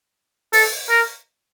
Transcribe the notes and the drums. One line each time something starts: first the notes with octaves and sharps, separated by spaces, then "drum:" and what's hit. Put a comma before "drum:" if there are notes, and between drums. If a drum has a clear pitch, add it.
A4, drum: open hi-hat
A#4